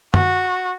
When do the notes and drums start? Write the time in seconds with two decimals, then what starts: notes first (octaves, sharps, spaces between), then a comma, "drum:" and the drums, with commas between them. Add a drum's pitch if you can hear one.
0.14 F#4, drum: tom F#2